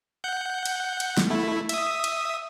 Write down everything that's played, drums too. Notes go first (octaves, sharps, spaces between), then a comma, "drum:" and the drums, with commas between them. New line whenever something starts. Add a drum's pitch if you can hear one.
F#5 G6
drum: cymbal
drum: cymbal
drum: snare
A3 E4
E5 D#6, drum: cymbal
drum: cymbal